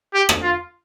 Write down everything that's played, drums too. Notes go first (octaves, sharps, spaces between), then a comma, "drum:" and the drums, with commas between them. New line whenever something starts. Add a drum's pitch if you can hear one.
G4
drum: rim click
F4